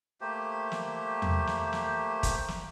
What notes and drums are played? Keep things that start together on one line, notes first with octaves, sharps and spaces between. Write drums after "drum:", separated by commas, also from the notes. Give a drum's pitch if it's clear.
A3 A#3 G4 C5
drum: snare
drum: tom E2
drum: snare
drum: snare
drum: kick, hi-hat
drum: snare